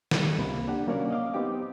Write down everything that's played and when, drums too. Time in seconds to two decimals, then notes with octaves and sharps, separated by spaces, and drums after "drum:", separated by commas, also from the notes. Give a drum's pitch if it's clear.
0.11 D#3 G3, drum: snare
0.38 C#2 C3 A#3 B5
0.68 D4 G4 F#5
0.87 F#3 A#3 C#4 A#4 C#5 D5
1.10 D#5 F5 D6
1.34 B3 C4 D#4 G4 G5 D6